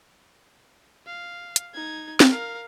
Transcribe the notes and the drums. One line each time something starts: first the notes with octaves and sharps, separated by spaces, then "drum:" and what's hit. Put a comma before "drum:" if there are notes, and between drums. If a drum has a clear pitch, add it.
F5
drum: hi-hat
D#4 G#6
drum: snare C4
A#4 F5